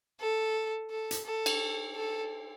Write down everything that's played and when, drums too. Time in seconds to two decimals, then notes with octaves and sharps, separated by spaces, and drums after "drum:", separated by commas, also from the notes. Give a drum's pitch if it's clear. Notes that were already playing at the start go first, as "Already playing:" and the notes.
0.20 A4
0.90 A4
1.11 drum: hi-hat
1.25 A4
1.46 drum: cymbal
1.95 A4